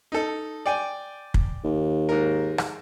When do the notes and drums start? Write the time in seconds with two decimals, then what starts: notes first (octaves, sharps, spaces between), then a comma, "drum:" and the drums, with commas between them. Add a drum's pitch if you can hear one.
0.12 D#4 A4
0.66 D5 G5 G#5
1.34 drum: kick
1.64 D#2
2.09 G#2 A#4
2.58 drum: rim click